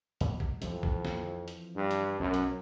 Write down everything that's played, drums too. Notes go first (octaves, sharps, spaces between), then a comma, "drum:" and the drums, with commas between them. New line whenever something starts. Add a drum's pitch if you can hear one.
G#2 B2 F#3, drum: hi-hat
drum: kick A#1
F2 E3 F3 C4, drum: hi-hat
drum: kick A#1
drum: snare
drum: hi-hat
G2
drum: hi-hat
B1 F#2
drum: hi-hat